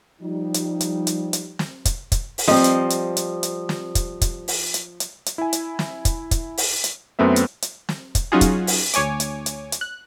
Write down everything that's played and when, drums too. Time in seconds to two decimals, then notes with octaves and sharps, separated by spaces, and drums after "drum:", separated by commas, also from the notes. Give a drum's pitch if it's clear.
0.22 F3 G3 D#4
0.54 drum: hi-hat
0.81 drum: hi-hat
1.07 drum: hi-hat
1.33 drum: hi-hat
1.59 drum: snare
1.85 drum: kick, hi-hat
2.12 drum: kick, hi-hat
2.38 drum: open hi-hat
2.48 F3 G3 C4 D#5
2.64 drum: hi-hat
2.90 drum: hi-hat
3.17 drum: hi-hat
3.43 drum: hi-hat
3.69 drum: snare
3.95 drum: kick, hi-hat
4.21 drum: kick, hi-hat
4.48 drum: open hi-hat
4.74 drum: hi-hat
5.00 drum: hi-hat
5.26 drum: hi-hat
5.38 E4 G#5
5.53 drum: hi-hat
5.79 drum: snare
6.05 drum: kick, hi-hat
6.31 drum: kick, hi-hat
6.57 drum: open hi-hat
6.84 drum: hi-hat
7.19 F#2 A3 B3 C4 E5
7.36 drum: hi-hat
7.62 drum: hi-hat
7.89 drum: snare
8.15 drum: kick, hi-hat
8.32 F#3 C#4 D#4 F4 F#4 G#4
8.41 drum: kick, hi-hat
8.67 drum: open hi-hat
8.94 D2 C#5 G#5 D6, drum: hi-hat
9.20 drum: hi-hat
9.46 drum: hi-hat
9.72 drum: hi-hat
9.81 F#6